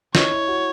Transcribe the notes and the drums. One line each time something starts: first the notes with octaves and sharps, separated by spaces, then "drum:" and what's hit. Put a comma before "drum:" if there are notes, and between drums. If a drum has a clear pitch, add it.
C#5 D#5, drum: snare
E4
F#4